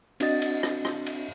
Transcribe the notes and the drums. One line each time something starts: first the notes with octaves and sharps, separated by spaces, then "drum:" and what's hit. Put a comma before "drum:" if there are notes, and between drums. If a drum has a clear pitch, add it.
C4 D4 F#4 D#5 A6, drum: cymbal
drum: cymbal
drum: rim click
drum: rim click
drum: cymbal